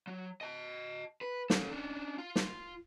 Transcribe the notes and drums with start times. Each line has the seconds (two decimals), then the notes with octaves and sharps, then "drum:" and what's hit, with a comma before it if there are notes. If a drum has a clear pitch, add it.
0.07 F#3
0.41 D#5 A5
1.21 B4
1.50 C#4 A4, drum: snare
1.71 C#4 D4
2.18 F4
2.36 drum: snare